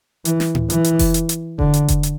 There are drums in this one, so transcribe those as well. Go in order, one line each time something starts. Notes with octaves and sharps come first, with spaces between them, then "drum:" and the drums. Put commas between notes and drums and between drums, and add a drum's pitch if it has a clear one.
E3, drum: hi-hat
drum: snare
drum: tom A2
E3, drum: hi-hat
drum: hi-hat
drum: kick F1, open hi-hat
drum: hi-hat
drum: hi-hat
D3, drum: kick F1
drum: hi-hat
drum: kick F1, hi-hat
drum: hi-hat